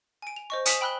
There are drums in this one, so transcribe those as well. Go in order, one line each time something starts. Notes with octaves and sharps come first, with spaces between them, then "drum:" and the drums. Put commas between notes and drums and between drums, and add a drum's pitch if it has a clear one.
G#5 D7
F7
C5 D#5 C#6
G#5 D#6 F6 B6 E7, drum: hi-hat
G5 B5 E6 F#6 F#7 G7